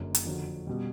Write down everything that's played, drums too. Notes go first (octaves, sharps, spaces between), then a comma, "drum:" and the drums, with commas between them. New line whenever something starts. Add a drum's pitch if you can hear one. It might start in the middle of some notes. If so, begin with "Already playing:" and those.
Already playing: F#1 F#2 D3
drum: hi-hat
F2 D3 F#3
B2 G3